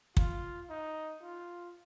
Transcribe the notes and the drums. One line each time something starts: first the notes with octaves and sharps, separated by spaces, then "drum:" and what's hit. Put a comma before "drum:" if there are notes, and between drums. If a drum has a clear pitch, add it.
F4, drum: kick
D#4
F4